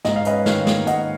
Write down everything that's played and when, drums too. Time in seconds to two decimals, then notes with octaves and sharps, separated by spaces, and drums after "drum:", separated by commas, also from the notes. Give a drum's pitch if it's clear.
0.05 G#2 D#5, drum: snare
0.16 F5
0.25 C#4 B4 D#5, drum: hi-hat
0.46 D#3 C#5 F5, drum: snare
0.67 A#3, drum: snare
0.87 G#2 D#5 F#5, drum: hi-hat